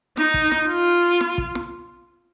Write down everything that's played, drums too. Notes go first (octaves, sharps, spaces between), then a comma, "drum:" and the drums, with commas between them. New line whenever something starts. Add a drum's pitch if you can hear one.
D#4, drum: snare
drum: kick
drum: snare
F4
drum: snare
drum: kick
drum: snare